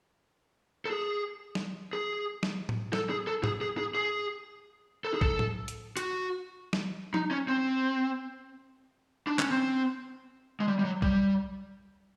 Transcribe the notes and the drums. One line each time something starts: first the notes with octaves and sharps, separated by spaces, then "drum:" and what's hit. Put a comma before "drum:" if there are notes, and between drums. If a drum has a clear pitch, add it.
A4
G#4
drum: snare
G#4
drum: snare
drum: tom A2
A4, drum: snare
G#4
A4
G#4, drum: tom G#2
G#4
G#4
G#4
A4
G#4
A4, drum: kick
drum: tom A2
drum: hi-hat
F#4, drum: hi-hat
drum: snare
D#4, drum: tom F3
C#4
C4
D4
C#4, drum: clap
C4
G#3
G3
G3
F#3
G3, drum: kick